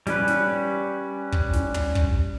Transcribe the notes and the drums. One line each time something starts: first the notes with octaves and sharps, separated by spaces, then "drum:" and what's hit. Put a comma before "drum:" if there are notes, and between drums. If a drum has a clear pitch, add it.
G3 C#4 B4, drum: snare
drum: snare
drum: kick
drum: snare
drum: tom
drum: kick